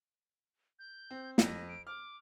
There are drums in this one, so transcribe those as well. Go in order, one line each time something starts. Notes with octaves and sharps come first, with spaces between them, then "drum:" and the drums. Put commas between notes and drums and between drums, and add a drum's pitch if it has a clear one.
G6
C4
F2 A#6, drum: snare
D7
D6 F6